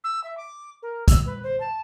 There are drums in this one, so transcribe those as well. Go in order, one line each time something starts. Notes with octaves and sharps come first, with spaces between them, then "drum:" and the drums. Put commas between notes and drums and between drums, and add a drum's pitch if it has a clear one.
E6
E5
D6
A#4
E6, drum: kick, hi-hat
B4
C5
A5